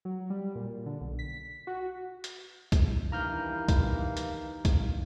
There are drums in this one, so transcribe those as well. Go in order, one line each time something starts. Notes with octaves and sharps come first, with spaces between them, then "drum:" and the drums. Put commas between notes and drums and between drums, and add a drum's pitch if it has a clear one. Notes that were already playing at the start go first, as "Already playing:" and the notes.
F#3
G3
A#2
D3
B1
B6
F#4
drum: hi-hat
drum: kick, hi-hat
G2 D#3 E3 A#3 A#5 F6 G6
drum: kick, hi-hat
drum: hi-hat
drum: kick, hi-hat